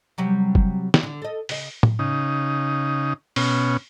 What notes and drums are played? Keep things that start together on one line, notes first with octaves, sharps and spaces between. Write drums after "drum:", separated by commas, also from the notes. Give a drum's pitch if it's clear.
C3 F#3 G3
drum: kick
drum: snare
D3
A4 D#5
C#3 D#5, drum: open hi-hat
drum: tom A2
C#3 D#4
B2 C#4, drum: open hi-hat